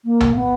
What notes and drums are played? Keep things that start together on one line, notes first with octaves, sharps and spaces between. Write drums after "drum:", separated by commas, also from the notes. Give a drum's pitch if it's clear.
A#3
drum: tom
B3